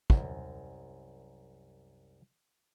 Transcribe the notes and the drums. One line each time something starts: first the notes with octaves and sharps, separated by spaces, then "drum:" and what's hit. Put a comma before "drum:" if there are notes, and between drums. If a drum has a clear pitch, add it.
C2 F#2, drum: kick